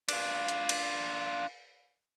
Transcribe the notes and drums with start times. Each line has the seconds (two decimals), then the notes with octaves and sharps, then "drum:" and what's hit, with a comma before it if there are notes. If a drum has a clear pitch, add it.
0.09 D4 F4, drum: cymbal
0.48 drum: hi-hat
0.69 drum: cymbal